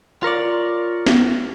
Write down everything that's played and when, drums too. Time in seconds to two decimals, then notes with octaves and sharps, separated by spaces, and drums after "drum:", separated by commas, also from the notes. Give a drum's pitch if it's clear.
0.23 F4 A#4 C#5 D5
1.06 drum: snare